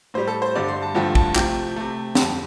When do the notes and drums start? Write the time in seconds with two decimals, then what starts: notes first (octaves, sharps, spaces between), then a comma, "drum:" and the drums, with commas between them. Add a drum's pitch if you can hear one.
0.14 A2 G3 C5
0.27 A4
0.42 C5
0.55 G2 D3 G3 D5
0.68 C6
0.82 A5
0.95 G2 D3 F3 A3 G5
1.15 A5, drum: kick A#1
1.36 C3 F3 A3 G5, drum: clap
1.76 C3 A3
2.15 F2 D3 G3 A5, drum: snare